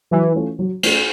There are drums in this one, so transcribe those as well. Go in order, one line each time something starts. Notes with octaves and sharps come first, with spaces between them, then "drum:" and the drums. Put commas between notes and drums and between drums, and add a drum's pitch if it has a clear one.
E3 F#3
A3 C#4 F4
F#3
A3 C#4 F4, drum: cymbal